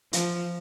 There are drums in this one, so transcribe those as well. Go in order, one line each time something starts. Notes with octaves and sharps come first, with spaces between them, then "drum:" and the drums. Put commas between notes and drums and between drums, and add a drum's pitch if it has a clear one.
F3, drum: hi-hat